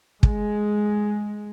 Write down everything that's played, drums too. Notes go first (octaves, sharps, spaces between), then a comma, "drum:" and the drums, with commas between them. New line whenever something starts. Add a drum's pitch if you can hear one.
G#3, drum: kick